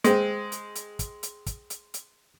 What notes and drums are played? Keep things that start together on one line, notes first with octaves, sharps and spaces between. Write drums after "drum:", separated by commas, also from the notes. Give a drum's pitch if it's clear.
G#3 C4, drum: hi-hat
drum: hi-hat
drum: hi-hat
drum: kick, hi-hat
drum: hi-hat
drum: kick, hi-hat
drum: hi-hat
drum: hi-hat